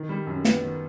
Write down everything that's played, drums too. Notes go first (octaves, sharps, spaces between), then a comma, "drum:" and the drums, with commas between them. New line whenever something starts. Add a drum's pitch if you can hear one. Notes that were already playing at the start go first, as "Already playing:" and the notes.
Already playing: D#3
G3
F#2
B3, drum: snare
D#3